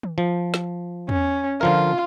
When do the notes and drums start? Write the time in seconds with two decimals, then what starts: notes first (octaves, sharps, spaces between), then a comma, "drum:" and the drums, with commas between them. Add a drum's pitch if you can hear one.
0.03 drum: tom D#3
0.18 F3
0.54 drum: snare
1.09 C#4, drum: tom E2
1.61 D3 F3 F4 A#4